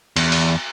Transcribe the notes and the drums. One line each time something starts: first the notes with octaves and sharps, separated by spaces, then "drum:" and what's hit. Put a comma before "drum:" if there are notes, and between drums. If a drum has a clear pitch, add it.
E2, drum: cymbal
drum: open hi-hat